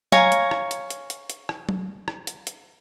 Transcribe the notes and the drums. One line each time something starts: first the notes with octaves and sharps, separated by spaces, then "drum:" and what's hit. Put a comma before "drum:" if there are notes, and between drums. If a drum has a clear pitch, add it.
C#5 F5 G#5 A#5, drum: tom F#3
drum: hi-hat
drum: rim click
drum: hi-hat
drum: hi-hat
drum: hi-hat
drum: hi-hat
drum: rim click
drum: tom F#3
drum: rim click
drum: hi-hat
drum: hi-hat